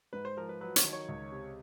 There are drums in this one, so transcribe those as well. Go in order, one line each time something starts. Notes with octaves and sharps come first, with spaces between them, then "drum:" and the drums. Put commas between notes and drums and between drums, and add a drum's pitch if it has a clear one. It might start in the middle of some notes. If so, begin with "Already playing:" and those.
G#2 B4
C5
F3 A#4
B4
F#3 B4
C#5, drum: hi-hat
D#3
C#5
C#2
C3